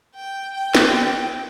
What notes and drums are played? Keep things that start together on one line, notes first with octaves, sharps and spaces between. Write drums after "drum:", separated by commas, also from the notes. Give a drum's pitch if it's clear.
G5
G5
drum: snare